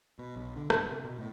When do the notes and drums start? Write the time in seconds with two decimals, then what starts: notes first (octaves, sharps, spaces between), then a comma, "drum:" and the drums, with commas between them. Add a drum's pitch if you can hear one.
0.19 B2
0.36 B1
0.56 D3
0.70 G2, drum: rim click
0.91 C3
1.05 B2
1.19 A2